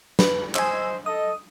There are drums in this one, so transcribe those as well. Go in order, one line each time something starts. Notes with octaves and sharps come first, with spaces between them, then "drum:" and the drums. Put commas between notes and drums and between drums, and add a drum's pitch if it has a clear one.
B4, drum: snare
C5 D#5 G#5 E6, drum: clap
A4 D#5 D#6